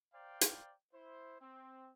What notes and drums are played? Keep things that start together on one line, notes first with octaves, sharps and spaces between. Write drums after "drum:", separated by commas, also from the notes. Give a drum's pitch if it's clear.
C5 D5 F5 G5 A#5
drum: hi-hat
E4 C5
C4